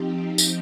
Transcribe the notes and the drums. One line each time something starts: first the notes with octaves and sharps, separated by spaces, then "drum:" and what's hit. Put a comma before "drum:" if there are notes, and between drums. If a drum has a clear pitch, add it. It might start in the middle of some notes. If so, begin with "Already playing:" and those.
Already playing: F3 C4 D#4 G4
drum: tambourine